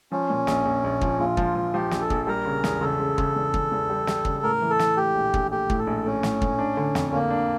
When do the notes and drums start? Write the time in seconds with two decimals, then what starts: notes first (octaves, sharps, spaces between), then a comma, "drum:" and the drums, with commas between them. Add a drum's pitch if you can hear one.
0.12 F3 C#4
0.30 A#2
0.47 A#1, drum: snare
0.65 A#1
0.84 A#1
1.01 F3, drum: kick
1.20 A#1 F4
1.37 F3, drum: kick
1.55 F3
1.74 F3 G4
1.91 A#1, drum: snare
2.01 A4
2.10 A#1, drum: kick
2.27 G3 A#4
2.46 C#3
2.64 E2, drum: snare
2.81 C#3 A4
3.00 C#3
3.18 C#3, drum: kick
3.36 E2
3.54 E2, drum: kick
3.72 E2
3.90 G3
4.07 G3, drum: snare
4.25 C#3, drum: kick
4.43 A2 A#4
4.62 E3
4.70 A4
4.79 E3, drum: snare
4.97 A3 G4
5.15 A#1
5.34 A#1, drum: kick
5.51 A3 G4
5.70 A2, drum: kick
5.79 A4
5.87 A#1
6.05 A3 C#4
6.23 A2, drum: snare
6.42 A2, drum: kick
6.59 D4
6.77 D3
6.95 F2, drum: snare
7.12 D3 A#3
7.30 D4